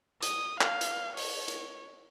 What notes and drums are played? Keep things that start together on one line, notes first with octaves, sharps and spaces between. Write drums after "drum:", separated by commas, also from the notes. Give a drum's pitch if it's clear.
D#6, drum: hi-hat
F5, drum: clap
drum: hi-hat
C#5, drum: open hi-hat
drum: hi-hat